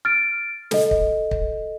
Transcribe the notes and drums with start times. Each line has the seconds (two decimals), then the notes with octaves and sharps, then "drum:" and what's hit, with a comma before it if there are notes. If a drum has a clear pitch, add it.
0.05 F6 A6 D7
0.71 A4 D#5, drum: snare
0.91 drum: kick
1.31 drum: kick